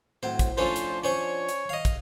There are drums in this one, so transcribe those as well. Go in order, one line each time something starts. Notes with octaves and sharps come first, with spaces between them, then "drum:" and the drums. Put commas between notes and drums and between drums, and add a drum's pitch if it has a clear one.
A2 F#3 C4 C5
drum: kick, hi-hat
F3 A3 C#4 D4 F4 C5
drum: hi-hat
C#4 C5 C#5 C#6
drum: hi-hat
D#5 F5
drum: kick, hi-hat